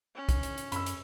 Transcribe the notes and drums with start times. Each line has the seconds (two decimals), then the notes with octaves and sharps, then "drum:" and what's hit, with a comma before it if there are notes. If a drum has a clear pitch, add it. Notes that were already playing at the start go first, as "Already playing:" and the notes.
0.15 C#4
0.29 drum: kick, hi-hat
0.43 drum: hi-hat
0.57 drum: hi-hat
0.72 F#2 B5 E6, drum: hi-hat
0.86 drum: hi-hat